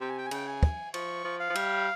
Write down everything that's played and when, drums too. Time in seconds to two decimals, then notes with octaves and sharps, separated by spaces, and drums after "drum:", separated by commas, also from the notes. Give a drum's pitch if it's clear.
0.01 C3 G5
0.09 G#5
0.18 G5
0.26 G#5
0.31 C#3 G5, drum: cymbal
0.47 G#5
0.63 drum: kick
0.94 F3 C#6, drum: cymbal
1.24 F3
1.40 F5
1.50 F3
1.55 G3, drum: cymbal